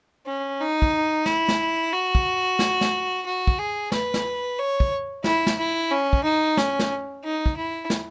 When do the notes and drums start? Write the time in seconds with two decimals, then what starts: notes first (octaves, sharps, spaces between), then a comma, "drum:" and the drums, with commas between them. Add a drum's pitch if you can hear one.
0.26 C#4
0.60 D#4
0.82 drum: kick
1.26 E4, drum: snare
1.48 drum: snare
1.93 F#4
2.15 drum: kick
2.59 drum: snare
2.81 drum: snare
3.26 F#4
3.47 drum: kick
3.58 G#4
3.92 B4, drum: snare
4.14 drum: snare
4.58 C#5
4.80 drum: kick
5.24 E4, drum: snare
5.47 drum: snare
5.58 E4
5.91 C#4
6.13 drum: kick
6.23 D#4
6.57 C#4, drum: snare
6.79 drum: snare
7.24 D#4
7.46 drum: kick
7.57 E4
7.90 drum: snare